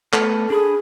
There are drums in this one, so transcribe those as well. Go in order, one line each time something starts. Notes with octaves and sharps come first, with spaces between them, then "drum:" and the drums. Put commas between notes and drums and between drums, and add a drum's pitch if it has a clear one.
A3 B3 A4, drum: clap
D4 G#4 B5 D#6